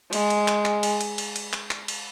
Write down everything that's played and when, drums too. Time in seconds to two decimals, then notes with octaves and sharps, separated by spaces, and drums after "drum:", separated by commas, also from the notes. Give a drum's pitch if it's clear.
0.13 G#3, drum: cymbal
0.30 drum: cymbal
0.48 drum: clap
0.65 drum: clap
0.83 drum: cymbal
1.01 drum: cymbal
1.18 drum: cymbal
1.36 drum: cymbal
1.53 drum: clap
1.71 drum: clap
1.88 drum: cymbal